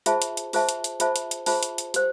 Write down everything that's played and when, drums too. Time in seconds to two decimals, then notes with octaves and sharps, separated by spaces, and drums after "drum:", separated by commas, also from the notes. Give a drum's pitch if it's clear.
0.06 F4 G#4 C5 E5 A5, drum: hi-hat
0.22 drum: hi-hat
0.37 drum: hi-hat
0.53 F4 G#4 C5 E5 A5, drum: open hi-hat
0.69 drum: hi-hat
0.84 drum: hi-hat
1.00 F4 G#4 C5 E5 A5, drum: hi-hat
1.16 drum: hi-hat
1.31 drum: hi-hat
1.46 F4 G#4 C5 E5 A5, drum: open hi-hat
1.63 drum: hi-hat
1.78 drum: hi-hat
1.94 G4 C5, drum: hi-hat